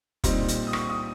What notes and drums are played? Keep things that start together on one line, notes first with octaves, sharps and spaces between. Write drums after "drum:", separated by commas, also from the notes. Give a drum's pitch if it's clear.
A#2 G3 C4 D#4, drum: kick, hi-hat
drum: hi-hat
D#6
C#6, drum: rim click
D#6